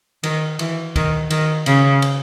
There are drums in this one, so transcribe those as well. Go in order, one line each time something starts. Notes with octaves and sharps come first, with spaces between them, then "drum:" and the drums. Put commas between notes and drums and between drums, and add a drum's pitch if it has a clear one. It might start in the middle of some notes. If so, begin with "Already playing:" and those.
D#3, drum: cymbal
E3, drum: cymbal
D#3, drum: kick, cymbal
D#3, drum: cymbal
C#3, drum: cymbal
drum: cymbal